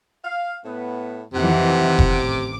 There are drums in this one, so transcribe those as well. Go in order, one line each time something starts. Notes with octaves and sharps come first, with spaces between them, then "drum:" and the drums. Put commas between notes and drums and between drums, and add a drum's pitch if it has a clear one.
F5
A2 B3
F2 C3 D#3 E3 F#5
drum: kick F1
A1 D6